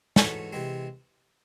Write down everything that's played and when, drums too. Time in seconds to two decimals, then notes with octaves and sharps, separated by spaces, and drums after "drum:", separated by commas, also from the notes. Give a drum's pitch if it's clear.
0.16 G#2 E3 A3 C#4 F#4, drum: snare
0.53 C3 E3 G#3 C4